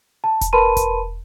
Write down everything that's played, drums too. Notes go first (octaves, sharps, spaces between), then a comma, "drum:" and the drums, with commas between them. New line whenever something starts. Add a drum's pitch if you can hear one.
A5
drum: kick E1, hi-hat
A#4 B4 A5 B5 C6 D#7
drum: kick E1, hi-hat